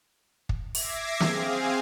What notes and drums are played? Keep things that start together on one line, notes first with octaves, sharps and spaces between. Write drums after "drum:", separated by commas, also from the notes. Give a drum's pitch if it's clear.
drum: kick
E5 D6 G#6 A#6 C7, drum: open hi-hat
C4 G#4 F5, drum: snare